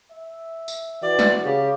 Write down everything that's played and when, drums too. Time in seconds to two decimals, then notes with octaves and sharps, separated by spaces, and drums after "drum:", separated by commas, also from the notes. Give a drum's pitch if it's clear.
0.11 E5
0.68 drum: tambourine
1.02 E3 F#4 D5
1.19 drum: snare
1.44 C#3 G4